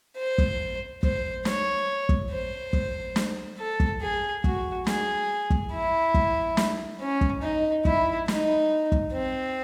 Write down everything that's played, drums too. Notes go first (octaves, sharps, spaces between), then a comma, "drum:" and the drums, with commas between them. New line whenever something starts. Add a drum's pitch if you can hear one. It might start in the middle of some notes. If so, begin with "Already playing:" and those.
C5
drum: kick
C5, drum: kick
C#5, drum: snare
drum: kick
C5
drum: kick
drum: snare
A4
drum: kick
G#4
F#4, drum: kick
G#4, drum: snare
drum: kick
E4
drum: kick
drum: snare
C#4
drum: kick
D#4
E4, drum: kick
D#4, drum: snare
drum: kick
C4